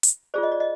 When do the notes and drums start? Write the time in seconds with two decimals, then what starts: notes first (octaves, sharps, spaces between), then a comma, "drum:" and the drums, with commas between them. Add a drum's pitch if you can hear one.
0.03 drum: hi-hat
0.34 F4 G#4 C5 D5
0.43 D#5
0.52 D5
0.60 D#5